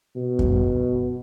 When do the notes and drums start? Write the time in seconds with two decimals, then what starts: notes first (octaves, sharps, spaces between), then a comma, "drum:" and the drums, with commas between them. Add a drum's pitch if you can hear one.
0.16 B2
0.39 drum: kick F#2